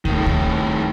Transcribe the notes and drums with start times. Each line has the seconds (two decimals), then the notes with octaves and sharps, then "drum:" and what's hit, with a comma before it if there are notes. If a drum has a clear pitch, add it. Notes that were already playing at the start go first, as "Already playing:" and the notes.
0.05 A2 D#3, drum: kick
0.26 drum: kick